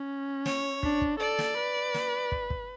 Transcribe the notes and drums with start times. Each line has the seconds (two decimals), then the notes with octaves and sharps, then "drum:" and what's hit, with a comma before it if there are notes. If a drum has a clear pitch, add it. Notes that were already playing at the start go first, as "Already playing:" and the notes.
Already playing: C#4
0.46 C#5, drum: snare
0.83 D4, drum: kick
1.01 drum: kick
1.20 A4 D5
1.39 drum: snare
1.58 B4
1.94 drum: snare
2.32 drum: kick
2.50 drum: kick